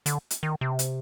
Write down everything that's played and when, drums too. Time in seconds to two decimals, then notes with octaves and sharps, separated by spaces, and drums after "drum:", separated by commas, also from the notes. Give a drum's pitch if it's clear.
0.06 D3, drum: hi-hat
0.31 drum: hi-hat
0.43 D#3
0.61 C3
0.79 drum: hi-hat